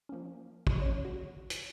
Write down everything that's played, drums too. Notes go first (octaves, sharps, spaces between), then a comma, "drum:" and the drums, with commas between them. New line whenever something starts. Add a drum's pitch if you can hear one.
F3 A#3 C#4
drum: kick
F3 A#3 C#4 C#5
F#4
drum: hi-hat